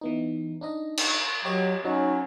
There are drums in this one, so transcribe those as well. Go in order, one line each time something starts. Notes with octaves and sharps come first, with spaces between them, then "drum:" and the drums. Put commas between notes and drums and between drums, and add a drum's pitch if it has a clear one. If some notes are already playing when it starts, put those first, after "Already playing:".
E3 B3 D#4
D4 D#4 D#5
drum: cymbal
F#3 G4 C#5 D#5
F#3 C#4 D#4